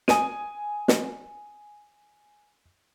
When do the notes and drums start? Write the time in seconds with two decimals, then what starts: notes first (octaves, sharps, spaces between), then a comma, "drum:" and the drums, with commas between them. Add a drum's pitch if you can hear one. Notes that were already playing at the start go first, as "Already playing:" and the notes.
0.08 G#5 D#6 D#7, drum: snare
0.88 drum: snare